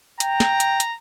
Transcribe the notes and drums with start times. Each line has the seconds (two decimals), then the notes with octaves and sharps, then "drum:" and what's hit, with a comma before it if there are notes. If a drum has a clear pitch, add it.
0.20 G5 A#5, drum: hi-hat
0.40 drum: snare
0.60 drum: hi-hat
0.80 drum: hi-hat